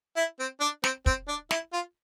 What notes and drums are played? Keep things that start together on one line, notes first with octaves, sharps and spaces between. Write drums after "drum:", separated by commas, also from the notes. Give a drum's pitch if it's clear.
E4
C4
D4
C4, drum: snare
C4, drum: kick
D4
E4, drum: snare
F4